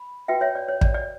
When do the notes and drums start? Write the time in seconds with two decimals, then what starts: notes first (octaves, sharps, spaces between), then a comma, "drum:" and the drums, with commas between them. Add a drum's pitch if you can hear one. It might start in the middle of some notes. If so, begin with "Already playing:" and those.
Already playing: B5
0.28 F#4 B4 E5 G5
0.41 C#5 E5
0.55 D5
0.68 C#5
0.81 D5, drum: kick
0.94 D5